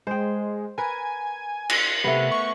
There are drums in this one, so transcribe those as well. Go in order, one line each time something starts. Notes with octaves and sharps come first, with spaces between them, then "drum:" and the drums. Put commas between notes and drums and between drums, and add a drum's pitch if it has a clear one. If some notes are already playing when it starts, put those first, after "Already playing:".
G#3 C5 G5
A#4 B4 G#5
drum: cymbal
C3 A3 B3
C#6